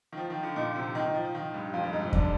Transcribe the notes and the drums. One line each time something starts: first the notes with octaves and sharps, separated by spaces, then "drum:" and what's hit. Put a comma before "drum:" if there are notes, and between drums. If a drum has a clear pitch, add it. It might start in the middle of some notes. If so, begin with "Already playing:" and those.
D#3
F3
D#3
D3
A#2 D#4
C3
D#3 D#4
D#3
F3
F3
D#3
G2
F2 F4
G2
G#2 D#4
C3
D3 D4, drum: kick E2